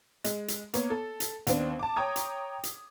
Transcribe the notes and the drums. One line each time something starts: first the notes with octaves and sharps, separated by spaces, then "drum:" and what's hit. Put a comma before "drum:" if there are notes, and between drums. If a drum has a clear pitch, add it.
G#3, drum: hi-hat
drum: hi-hat
A#3 B3 C#5, drum: hi-hat
A4
drum: hi-hat
D#2 B3 C4 D4, drum: hi-hat
A5 D6
C#5 G5 A#5 D#6 G#6
drum: hi-hat
drum: hi-hat